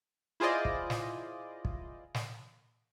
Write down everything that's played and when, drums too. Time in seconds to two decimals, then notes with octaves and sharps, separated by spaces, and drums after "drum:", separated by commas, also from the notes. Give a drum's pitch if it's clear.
0.40 E4 F4 G#4 C5 D5 D#5
0.65 drum: kick
0.90 drum: snare
1.65 drum: kick
2.14 drum: snare